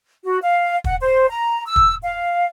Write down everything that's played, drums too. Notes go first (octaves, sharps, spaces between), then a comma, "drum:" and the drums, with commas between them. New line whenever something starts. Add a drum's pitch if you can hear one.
F#4
F5
F#5, drum: kick
C5
A#5
E6
drum: kick
F5